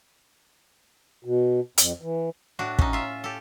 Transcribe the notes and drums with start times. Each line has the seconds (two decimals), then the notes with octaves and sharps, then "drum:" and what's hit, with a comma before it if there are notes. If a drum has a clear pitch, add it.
1.25 B2
1.78 F2, drum: hi-hat
2.02 E3
2.59 A2 D4 F#4
2.79 C#4 D#4, drum: kick
2.93 F4 E5
3.24 G4 A4